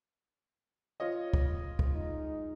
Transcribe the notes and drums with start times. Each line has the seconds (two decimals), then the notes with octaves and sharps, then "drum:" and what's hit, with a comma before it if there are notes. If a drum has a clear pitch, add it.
1.00 F4 C#5 D#5
1.33 drum: kick
1.79 drum: kick
1.94 G#3 D#4